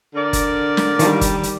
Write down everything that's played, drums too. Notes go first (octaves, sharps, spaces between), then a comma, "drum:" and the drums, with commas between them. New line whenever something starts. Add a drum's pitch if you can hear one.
D3 A#4 D5
drum: kick G1, hi-hat
drum: snare
D#3 G3, drum: hi-hat
drum: kick G1, hi-hat
drum: hi-hat